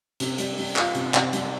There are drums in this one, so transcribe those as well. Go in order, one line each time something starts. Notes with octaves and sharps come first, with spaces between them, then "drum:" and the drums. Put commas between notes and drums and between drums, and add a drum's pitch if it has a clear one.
C3, drum: hi-hat
G3, drum: hi-hat
G3, drum: open hi-hat
F4, drum: clap
C3, drum: hi-hat
C3, drum: clap
G3, drum: hi-hat